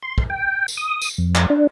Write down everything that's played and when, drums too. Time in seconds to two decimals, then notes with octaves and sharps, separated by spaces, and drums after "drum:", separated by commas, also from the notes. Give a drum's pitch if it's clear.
0.03 C6
0.18 drum: kick
0.30 G5
0.68 drum: tambourine
0.77 D#6
1.02 drum: tambourine
1.18 F2
1.35 drum: clap
1.50 D4